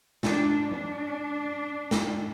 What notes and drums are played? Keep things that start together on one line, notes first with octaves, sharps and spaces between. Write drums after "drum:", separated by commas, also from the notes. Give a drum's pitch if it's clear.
D4, drum: snare
D4
drum: snare